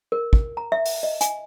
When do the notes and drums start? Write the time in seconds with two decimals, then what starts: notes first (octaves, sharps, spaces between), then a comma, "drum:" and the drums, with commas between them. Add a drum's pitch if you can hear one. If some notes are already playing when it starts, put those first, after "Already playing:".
0.12 A#4
0.33 drum: kick
0.57 A#5
0.72 E5
0.86 drum: open hi-hat
1.03 D#5
1.21 G#5, drum: hi-hat